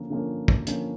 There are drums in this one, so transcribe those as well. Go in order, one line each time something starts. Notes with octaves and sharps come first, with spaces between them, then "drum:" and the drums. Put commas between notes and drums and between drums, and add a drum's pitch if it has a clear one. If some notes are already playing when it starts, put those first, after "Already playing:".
Already playing: D3 F3 A#3 C#4
D3 F3 A#3 C#4
drum: kick
D3 F3 A#3 C#4, drum: hi-hat